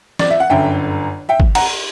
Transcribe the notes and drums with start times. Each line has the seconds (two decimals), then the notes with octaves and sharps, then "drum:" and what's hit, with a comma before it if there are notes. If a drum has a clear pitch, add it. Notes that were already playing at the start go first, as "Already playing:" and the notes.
0.19 D5, drum: snare
0.30 E5
0.40 F#5
0.50 G1 F#2 D3 E5 G5
1.29 E5 G5
1.40 drum: kick G1
1.55 F#5 A#5, drum: cymbal